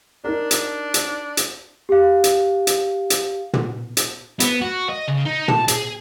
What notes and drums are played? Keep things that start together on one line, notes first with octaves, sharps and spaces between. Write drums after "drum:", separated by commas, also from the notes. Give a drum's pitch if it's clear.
D4 D#4 A#4
drum: hi-hat
drum: hi-hat
drum: hi-hat
G4 F5
drum: hi-hat
drum: hi-hat
drum: hi-hat
drum: tom
drum: hi-hat
B3, drum: hi-hat
F#4
D#5
C#3
D#4
A5, drum: tom
G#4, drum: hi-hat